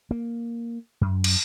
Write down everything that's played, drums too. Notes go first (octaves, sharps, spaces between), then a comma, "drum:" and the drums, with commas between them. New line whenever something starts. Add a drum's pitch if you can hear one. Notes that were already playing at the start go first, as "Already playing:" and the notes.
A#3
F#2
drum: cymbal